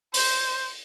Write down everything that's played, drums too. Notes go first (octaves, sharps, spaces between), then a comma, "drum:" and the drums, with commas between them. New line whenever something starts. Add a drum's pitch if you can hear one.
C5, drum: open hi-hat